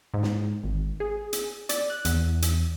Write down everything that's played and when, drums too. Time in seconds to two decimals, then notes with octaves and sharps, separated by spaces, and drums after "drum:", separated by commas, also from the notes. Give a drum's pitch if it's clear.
0.14 G#2
0.23 drum: snare
0.63 G#1
1.00 G#4
1.33 drum: hi-hat
1.69 D5, drum: hi-hat
1.90 F#6
2.05 E2, drum: hi-hat
2.42 drum: hi-hat